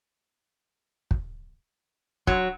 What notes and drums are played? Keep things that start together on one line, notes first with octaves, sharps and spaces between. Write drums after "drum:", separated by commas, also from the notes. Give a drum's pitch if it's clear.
drum: kick
F#3, drum: kick